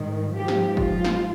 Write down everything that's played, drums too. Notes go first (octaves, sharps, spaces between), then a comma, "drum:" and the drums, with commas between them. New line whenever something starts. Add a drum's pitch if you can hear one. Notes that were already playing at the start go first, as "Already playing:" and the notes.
Already playing: G#2 D#3
G#2 F3 G4
drum: snare
F4, drum: kick
drum: snare